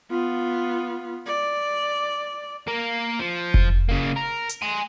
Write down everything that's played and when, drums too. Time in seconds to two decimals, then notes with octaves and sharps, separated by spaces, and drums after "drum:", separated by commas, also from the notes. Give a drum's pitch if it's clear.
0.10 B3 F4
1.26 D5
2.68 A#3 A#4
3.20 F3
3.54 drum: kick F1
3.89 C#3 A#3
4.16 A#4
4.49 drum: hi-hat
4.62 G#5 C6